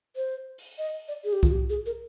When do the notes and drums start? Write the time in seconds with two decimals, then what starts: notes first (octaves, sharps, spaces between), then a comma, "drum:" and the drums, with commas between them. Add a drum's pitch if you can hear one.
0.16 C5
0.58 drum: open hi-hat
0.78 D#5
1.08 D5
1.24 G#4
1.33 G4
1.43 F4, drum: kick C2
1.52 G4
1.70 G#4
1.86 A#4